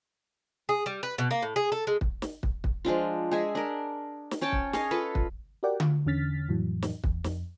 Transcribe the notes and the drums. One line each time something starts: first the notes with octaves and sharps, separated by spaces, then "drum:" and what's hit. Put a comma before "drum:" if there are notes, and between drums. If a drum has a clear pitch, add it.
G#4
G3
B4
B2
A#3
A2
G#4
A4
G#3
drum: kick
drum: snare
drum: kick
drum: kick
F3 G#3 D4 F4
G#3 G#4 E5
D4 A#4
drum: snare
C#4 C#5 G5 A5
drum: kick
G#4 C#5 D#5 F5, drum: snare
F4 A4 B4
drum: kick
F#4 G4 A#4 D5 F#5 G5
F4, drum: tom D3
E2 D3 C#4 F6 A6 B6
F2 A2 E3 F#3
drum: snare
E2, drum: kick
F2, drum: snare